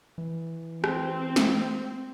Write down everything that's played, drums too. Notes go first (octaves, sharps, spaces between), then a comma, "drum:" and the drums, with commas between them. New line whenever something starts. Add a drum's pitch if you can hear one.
E3
C4, drum: rim click
drum: snare G#3